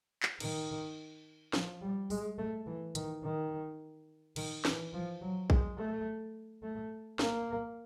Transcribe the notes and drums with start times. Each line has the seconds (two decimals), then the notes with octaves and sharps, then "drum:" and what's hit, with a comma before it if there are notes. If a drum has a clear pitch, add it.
0.23 drum: clap
0.40 D#3, drum: cymbal
1.53 F3, drum: snare
1.81 G3
2.10 G#3, drum: open hi-hat
2.38 A3
2.66 E3
2.95 D#3, drum: hi-hat
3.23 D#3
4.36 D#3, drum: cymbal
4.65 E3, drum: snare
4.93 F3
5.21 F#3
5.50 G#3, drum: kick
5.78 A3
6.63 A3
7.19 A#3, drum: snare